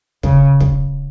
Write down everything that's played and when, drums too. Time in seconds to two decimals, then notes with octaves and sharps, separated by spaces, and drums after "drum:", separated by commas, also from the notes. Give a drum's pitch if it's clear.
0.23 C#3, drum: kick
0.60 drum: kick